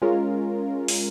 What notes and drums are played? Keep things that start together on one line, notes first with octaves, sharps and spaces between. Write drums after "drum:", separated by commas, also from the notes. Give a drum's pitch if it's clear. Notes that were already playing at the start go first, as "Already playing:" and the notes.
G#3 C#4 F4 A#4
drum: open hi-hat